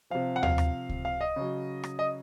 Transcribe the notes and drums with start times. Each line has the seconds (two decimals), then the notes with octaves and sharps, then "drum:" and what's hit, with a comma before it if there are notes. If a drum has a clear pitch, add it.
0.10 C3 F3 F5
0.36 F#5
0.43 F5, drum: tom D#2
0.58 drum: rim click
0.89 drum: kick C#2
1.05 F5
1.21 D#5
1.36 C#3 F#3
1.84 drum: rim click
1.99 D#5